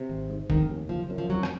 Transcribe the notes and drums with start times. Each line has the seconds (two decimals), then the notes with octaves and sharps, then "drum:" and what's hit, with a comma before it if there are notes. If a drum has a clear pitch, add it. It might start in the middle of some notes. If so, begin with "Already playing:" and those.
Already playing: C3
0.09 G#1
0.30 G#2
0.50 F1 D#3, drum: kick
0.70 D#2
0.89 F#1 F3
1.10 F#2
1.18 F3
1.29 F1 F#3
1.43 drum: rim click